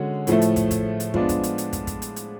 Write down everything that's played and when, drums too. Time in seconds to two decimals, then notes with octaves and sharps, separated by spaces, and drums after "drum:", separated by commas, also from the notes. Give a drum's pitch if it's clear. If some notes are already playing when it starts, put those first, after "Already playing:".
Already playing: D3 G#3 C#4 F#4
0.27 A2 F3 A3, drum: hi-hat
0.42 drum: hi-hat
0.56 drum: kick, hi-hat
0.71 drum: kick, hi-hat
1.00 drum: hi-hat
1.14 F3 G#3 B3 D4 F4, drum: kick
1.29 drum: kick, hi-hat
1.44 drum: hi-hat
1.58 drum: hi-hat
1.73 drum: kick, hi-hat
1.87 drum: kick, hi-hat
2.02 drum: hi-hat
2.16 drum: hi-hat